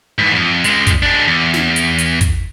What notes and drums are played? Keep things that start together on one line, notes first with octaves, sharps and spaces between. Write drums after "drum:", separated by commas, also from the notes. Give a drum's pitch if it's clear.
G#2 E3
F2
C#2 G#3, drum: hi-hat
drum: kick, hi-hat
G#3 D4
E2
drum: snare
drum: hi-hat
drum: hi-hat
drum: kick, hi-hat